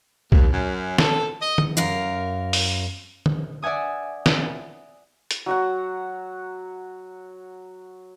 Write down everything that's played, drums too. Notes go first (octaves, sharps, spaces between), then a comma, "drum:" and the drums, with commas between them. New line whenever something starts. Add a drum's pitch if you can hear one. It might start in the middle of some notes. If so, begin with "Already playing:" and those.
D#2, drum: kick B1
F#2
A4, drum: snare
D#5
drum: tom
F#2 A#4 F5
drum: open hi-hat
drum: tom
D5 E5 F#5 G#5 D#6
drum: snare
drum: hi-hat
F#3 F#4 F#5